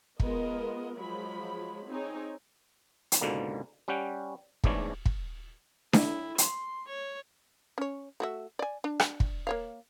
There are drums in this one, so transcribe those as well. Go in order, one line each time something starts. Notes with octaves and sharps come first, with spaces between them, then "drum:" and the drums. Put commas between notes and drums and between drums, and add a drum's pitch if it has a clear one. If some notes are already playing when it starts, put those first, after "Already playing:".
G#3 B3 F4 A#4 D#5, drum: kick
F3 F#3 G#3 B5
C4 D#4 G#4 C#5 G#5
drum: hi-hat
C#2 G#2 B2 D3 A#3
G3 C#4 F#5 G5
A1 E2 G#2 E3 D4 C#5, drum: kick
drum: kick
E4, drum: snare D4
C6, drum: hi-hat
C#5
C#4 C#5
A3 F#4 E5
D5 G#5
D4
drum: rim click
drum: kick
A#3 C#5 F5